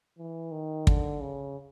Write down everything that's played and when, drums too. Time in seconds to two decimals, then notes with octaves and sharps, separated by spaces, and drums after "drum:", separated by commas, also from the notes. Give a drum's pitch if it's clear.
0.18 E3
0.52 D#3
0.87 D3, drum: kick
1.21 C#3